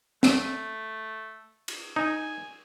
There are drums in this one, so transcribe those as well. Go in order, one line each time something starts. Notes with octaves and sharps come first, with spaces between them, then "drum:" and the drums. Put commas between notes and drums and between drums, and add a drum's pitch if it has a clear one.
A3, drum: snare
drum: cymbal
D#4 G#5